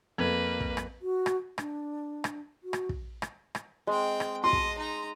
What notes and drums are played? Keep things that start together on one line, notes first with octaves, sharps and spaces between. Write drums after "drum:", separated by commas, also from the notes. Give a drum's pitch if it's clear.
F2 A#3 B4 G#6
drum: kick
drum: rim click
F#4
drum: rim click
D4, drum: rim click
drum: rim click
F#4
drum: rim click
drum: kick
drum: rim click
drum: rim click
G#3 C4 G5
drum: rim click
D#5 A5 C6
drum: kick
D#4 A#5